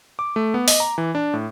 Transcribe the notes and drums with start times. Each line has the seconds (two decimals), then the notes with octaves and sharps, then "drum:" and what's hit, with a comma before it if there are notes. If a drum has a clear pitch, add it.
0.19 D6
0.36 A3
0.54 B3
0.68 D#5, drum: open hi-hat
0.80 A#5
0.98 E3
1.15 D4
1.34 A2